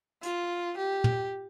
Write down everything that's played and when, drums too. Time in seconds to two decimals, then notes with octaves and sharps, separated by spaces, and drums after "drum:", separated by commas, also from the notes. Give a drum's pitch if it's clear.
0.23 F4, drum: hi-hat
0.78 G4
1.04 drum: tom